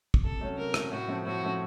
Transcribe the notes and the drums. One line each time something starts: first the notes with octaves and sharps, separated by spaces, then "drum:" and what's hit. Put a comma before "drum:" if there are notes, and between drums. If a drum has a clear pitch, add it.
drum: kick
C3 A4
F#3 A3 C#4
C3 A#4
F#3 A3 C#4, drum: rim click
A2 F#4
F3 A3 C4
A2 F#4
F3 A3 C4